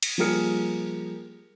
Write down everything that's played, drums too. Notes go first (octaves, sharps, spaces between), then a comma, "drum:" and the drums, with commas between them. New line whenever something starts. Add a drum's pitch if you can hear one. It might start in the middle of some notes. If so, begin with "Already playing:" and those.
drum: cymbal
F3 G3 A#3 G#4 F6 C#7